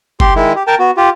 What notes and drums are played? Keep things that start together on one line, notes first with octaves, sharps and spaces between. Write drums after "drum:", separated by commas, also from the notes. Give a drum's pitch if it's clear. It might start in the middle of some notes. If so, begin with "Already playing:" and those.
G4 C6, drum: kick F#1
D#3 G#3 E4
G4
A#4 G5 A5
B3 F#4
F4 G4